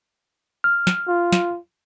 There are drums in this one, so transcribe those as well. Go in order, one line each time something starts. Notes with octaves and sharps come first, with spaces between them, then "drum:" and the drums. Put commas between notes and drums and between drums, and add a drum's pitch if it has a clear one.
F6
drum: snare
F4
drum: snare